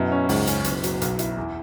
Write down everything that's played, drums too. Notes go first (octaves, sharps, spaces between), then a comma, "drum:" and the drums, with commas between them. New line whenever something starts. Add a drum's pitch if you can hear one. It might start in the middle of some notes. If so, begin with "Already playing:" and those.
Already playing: F#2 B2 E4
C#4
C#2 G#2, drum: open hi-hat
C#4, drum: hi-hat
F#1 B2, drum: hi-hat
F#3, drum: hi-hat
B1, drum: hi-hat
E4, drum: hi-hat
E2